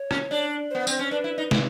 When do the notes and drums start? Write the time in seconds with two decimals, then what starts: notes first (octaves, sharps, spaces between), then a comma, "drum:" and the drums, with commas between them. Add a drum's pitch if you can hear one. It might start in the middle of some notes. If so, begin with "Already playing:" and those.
Already playing: C#5
0.11 C#4, drum: rim click
0.31 D4
0.71 B3 C5
0.87 C4, drum: tambourine
0.99 C#4
1.11 D4 B4
1.24 E4
1.38 D#4
1.51 E4, drum: snare